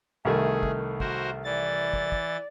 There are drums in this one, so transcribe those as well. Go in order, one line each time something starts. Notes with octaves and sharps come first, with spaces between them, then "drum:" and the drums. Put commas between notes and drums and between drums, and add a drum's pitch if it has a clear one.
C2 D#3 A3 G#4
drum: kick
F#4 A#4 C5, drum: kick
E3 D5 A6
drum: kick
drum: kick